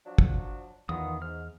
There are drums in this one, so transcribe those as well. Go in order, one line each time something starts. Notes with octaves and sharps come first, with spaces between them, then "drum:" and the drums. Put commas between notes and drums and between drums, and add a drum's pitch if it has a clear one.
F3 F#3 D4
drum: kick
E2 D#3 B3 F4 D#6
G#2 F6